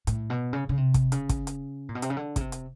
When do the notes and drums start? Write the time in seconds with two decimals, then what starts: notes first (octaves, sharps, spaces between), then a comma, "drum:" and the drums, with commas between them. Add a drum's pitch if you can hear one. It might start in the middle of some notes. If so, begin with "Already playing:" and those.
0.07 A2, drum: hi-hat
0.30 B2
0.53 C#3
0.69 C#3
0.77 C3
0.94 drum: kick, hi-hat
1.12 C#3, drum: hi-hat
1.29 drum: kick, hi-hat
1.47 drum: hi-hat
1.89 A#2
1.95 B2
2.02 C3, drum: hi-hat
2.10 C#3
2.17 D3
2.36 C#3, drum: kick, hi-hat
2.40 C3
2.52 drum: hi-hat